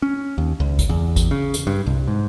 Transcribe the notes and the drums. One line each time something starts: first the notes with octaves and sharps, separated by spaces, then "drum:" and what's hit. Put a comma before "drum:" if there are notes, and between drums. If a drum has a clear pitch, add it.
C#4
D#2
C#2
drum: kick G#1, hi-hat
E2
drum: kick G#1, hi-hat
C#3
drum: hi-hat
G2
C2
G#2